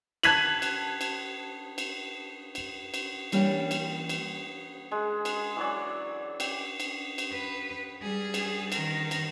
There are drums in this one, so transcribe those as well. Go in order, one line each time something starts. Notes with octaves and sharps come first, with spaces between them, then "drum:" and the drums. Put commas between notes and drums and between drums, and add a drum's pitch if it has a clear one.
A5 F#6 G#6 B6 D#7 F#7, drum: cymbal
drum: cymbal
drum: cymbal
drum: cymbal
drum: cymbal
drum: cymbal
E3 G3 A#3 C#4 D4, drum: cymbal
drum: cymbal
drum: cymbal
G#3
drum: cymbal
E3 F#3 D5
G5, drum: cymbal
drum: cymbal
drum: cymbal
B4
G3 G#4
drum: cymbal
D#3 A#4, drum: cymbal
drum: cymbal